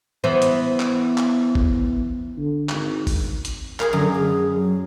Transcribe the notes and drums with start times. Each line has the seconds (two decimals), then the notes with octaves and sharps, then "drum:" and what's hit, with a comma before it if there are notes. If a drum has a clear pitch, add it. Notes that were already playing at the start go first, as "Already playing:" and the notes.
0.24 E3 B3 C5
0.42 drum: hi-hat
0.80 drum: clap
1.17 drum: clap
1.55 drum: kick G#1
2.37 D3
2.69 G#1, drum: clap
3.07 drum: kick G#1, open hi-hat
3.45 drum: hi-hat
3.80 G#4 A#4 F5, drum: clap
3.93 F#2 D3
4.16 G#4
4.55 F#3